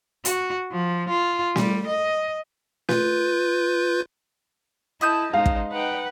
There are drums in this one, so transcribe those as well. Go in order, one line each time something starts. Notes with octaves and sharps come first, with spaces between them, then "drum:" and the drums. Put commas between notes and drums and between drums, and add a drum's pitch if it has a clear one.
F#4, drum: hi-hat
F3
F4
G3, drum: snare
D#5
F4 B4 G6, drum: snare
E4 A4 D#5 A5 D#6 G6
G#3 D#4 C5 F5
drum: kick
D#4 B4 F#5 G5